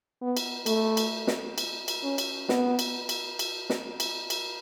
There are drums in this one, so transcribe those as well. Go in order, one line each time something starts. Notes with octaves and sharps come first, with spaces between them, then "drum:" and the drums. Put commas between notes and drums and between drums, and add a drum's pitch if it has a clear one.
B3
drum: cymbal
A3, drum: cymbal
drum: cymbal
drum: snare
drum: cymbal
drum: cymbal
C#4
drum: cymbal
B3, drum: snare
drum: cymbal
drum: cymbal
drum: cymbal
drum: snare
drum: cymbal
drum: cymbal